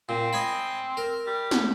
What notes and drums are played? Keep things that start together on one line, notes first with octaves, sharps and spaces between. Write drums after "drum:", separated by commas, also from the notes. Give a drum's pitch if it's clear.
A#2 C4
D#5 G#5 B5
A#4
G3
drum: snare